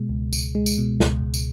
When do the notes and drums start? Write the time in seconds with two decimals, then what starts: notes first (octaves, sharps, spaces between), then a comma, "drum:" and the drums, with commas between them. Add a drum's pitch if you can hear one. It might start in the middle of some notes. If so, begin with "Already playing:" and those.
Already playing: B2 G#3
0.09 C#2
0.33 C#2, drum: tambourine
0.55 G#3
0.66 drum: tambourine
0.78 B2
1.00 C#2, drum: snare
1.22 C#2
1.34 drum: tambourine